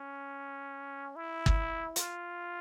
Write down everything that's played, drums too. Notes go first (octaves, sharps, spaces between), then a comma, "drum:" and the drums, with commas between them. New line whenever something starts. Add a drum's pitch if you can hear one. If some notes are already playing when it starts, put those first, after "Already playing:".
Already playing: C#4
E4
drum: kick G1
F4, drum: hi-hat